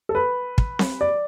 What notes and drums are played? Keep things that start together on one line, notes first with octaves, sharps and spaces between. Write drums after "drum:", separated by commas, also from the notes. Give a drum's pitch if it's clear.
A4
B4
drum: kick
drum: snare C4
D5